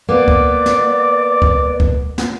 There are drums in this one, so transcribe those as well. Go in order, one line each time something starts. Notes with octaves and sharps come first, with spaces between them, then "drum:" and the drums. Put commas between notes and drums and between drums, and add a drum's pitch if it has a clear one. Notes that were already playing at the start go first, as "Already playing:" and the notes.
A#3 B3 D5 D6
drum: kick
drum: snare
drum: kick
drum: kick
drum: snare